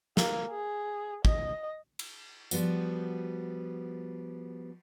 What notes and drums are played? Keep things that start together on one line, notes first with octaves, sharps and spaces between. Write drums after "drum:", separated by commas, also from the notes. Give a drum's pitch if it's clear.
A#3, drum: snare
G#4
D#5, drum: kick
drum: cymbal
F3 G3 B3 F#4, drum: tambourine